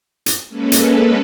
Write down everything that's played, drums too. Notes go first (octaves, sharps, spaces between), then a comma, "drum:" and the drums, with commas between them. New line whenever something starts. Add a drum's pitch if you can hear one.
drum: hi-hat
G#3 A#3 C#4 A4 B4
drum: hi-hat